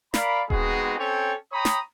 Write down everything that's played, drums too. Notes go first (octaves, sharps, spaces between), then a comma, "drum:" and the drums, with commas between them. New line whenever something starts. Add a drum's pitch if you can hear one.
A#4 D5 F5 B5, drum: snare
G#3 B3 C4 D#4 F#4 G#4, drum: kick D#1
C4 C#4 A4 C#5 G5
C#5 G5 A#5 B5 D#6
drum: snare